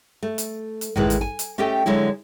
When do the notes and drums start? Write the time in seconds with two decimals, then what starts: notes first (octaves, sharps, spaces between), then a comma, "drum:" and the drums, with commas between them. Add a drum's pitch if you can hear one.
0.23 A3
0.38 drum: hi-hat
0.81 drum: hi-hat
0.96 A2 D#3 E3 G#3 E4 B4, drum: tom A1
1.10 drum: hi-hat
1.21 G#5
1.39 drum: hi-hat
1.58 A3 C#4 G4 A4 D#5 G5
1.86 D3 F#3 G#3 E4